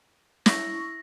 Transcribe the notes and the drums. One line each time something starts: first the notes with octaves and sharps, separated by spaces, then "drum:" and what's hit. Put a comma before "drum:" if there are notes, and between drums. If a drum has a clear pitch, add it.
E4 C#6 A#6, drum: snare